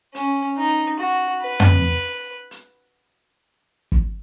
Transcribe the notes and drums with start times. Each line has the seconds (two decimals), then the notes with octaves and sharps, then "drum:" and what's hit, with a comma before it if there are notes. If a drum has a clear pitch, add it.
0.15 C#4, drum: hi-hat
0.58 D#4
1.00 F#4
1.43 B4
1.60 drum: tom
2.51 drum: hi-hat
3.92 drum: kick